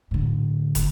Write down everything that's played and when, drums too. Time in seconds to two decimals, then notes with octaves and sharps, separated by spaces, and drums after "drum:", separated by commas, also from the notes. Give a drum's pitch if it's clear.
0.11 A2 D3
0.75 drum: kick, hi-hat